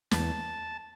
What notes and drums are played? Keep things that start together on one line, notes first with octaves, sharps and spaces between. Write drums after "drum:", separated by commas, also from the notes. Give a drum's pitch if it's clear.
E2 A5, drum: snare